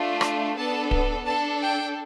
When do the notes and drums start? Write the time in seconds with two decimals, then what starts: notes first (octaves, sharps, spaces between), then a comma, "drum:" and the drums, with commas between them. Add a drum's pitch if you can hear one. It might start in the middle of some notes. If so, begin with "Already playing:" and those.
Already playing: A3 D4 F4
0.21 drum: rim click
0.56 B3 D4 A4 A5
0.91 drum: kick D1
1.26 D4 A4 A5
1.61 G5